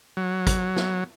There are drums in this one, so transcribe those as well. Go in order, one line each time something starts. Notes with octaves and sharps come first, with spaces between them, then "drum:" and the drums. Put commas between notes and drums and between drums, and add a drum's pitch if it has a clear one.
F#3
drum: kick, hi-hat
drum: snare